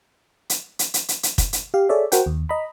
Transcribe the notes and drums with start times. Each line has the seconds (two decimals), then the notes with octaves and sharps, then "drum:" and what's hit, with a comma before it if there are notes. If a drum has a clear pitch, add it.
0.50 drum: hi-hat
0.79 drum: hi-hat
0.94 drum: hi-hat
1.09 drum: hi-hat
1.23 drum: hi-hat
1.38 drum: kick, hi-hat
1.53 drum: hi-hat
1.74 G4 F5
1.89 G#4 A4 C#5 D5 E5
2.12 F#4 A#4 C5 F#5 G5, drum: hi-hat
2.26 D#2
2.49 D#5 A#5 B5